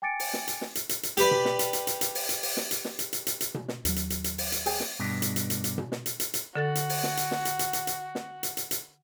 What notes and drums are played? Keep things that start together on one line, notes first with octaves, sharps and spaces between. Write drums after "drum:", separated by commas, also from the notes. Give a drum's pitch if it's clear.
G5 G#5 D6 A6 C#7 D7
drum: open hi-hat
drum: snare
drum: hi-hat
drum: snare
drum: hi-hat
drum: hi-hat
drum: hi-hat
G4 B4 D5, drum: hi-hat
drum: tom B2
drum: snare
drum: hi-hat
drum: hi-hat
drum: hi-hat
drum: hi-hat
drum: open hi-hat
drum: hi-hat
drum: open hi-hat
drum: snare
drum: hi-hat
drum: snare
drum: hi-hat
drum: hi-hat
drum: hi-hat
drum: hi-hat
drum: tom B2
drum: snare
D#2 F#3, drum: hi-hat
drum: hi-hat
drum: hi-hat
drum: hi-hat
drum: open hi-hat
drum: hi-hat
G#4 G5, drum: open hi-hat
drum: snare
G2 B2 D4
drum: hi-hat
drum: hi-hat
drum: hi-hat
drum: hi-hat
drum: tom B2
drum: snare
drum: hi-hat
drum: hi-hat
drum: hi-hat
D3 F#4 A4 A6
drum: hi-hat
drum: open hi-hat
drum: snare
drum: hi-hat
drum: snare
drum: hi-hat
drum: hi-hat
drum: hi-hat
drum: hi-hat
drum: snare
drum: hi-hat
drum: hi-hat
drum: hi-hat